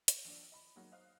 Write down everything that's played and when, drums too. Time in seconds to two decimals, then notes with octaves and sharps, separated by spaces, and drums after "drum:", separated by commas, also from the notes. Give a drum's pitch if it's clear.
0.08 C#5, drum: hi-hat
0.25 A#1 D4
0.52 D#5 B5
0.76 F#3 G#3 A#3 D#4
0.92 C5 D#5 F5 D#6 F6 F#6